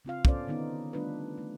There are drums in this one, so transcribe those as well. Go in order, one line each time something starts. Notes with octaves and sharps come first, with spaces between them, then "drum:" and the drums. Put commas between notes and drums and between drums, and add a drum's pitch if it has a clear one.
C#3 C4 F4 F5
B3 C#4 A4 C5 D5, drum: kick
D3 D#3 B3 D#4
G3 A3 B3 D4 F4 B4
A3